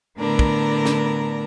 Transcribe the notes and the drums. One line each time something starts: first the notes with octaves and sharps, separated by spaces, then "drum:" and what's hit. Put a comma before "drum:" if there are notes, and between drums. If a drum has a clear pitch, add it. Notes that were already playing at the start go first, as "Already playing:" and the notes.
A2 D3 B3 D4 A#4 A#5
drum: kick
drum: snare